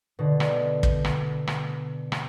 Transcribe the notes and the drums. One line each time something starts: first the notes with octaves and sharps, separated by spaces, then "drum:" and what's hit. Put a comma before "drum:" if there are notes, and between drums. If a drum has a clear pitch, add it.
B2 D3
drum: rim click
drum: kick
drum: rim click
drum: rim click
drum: rim click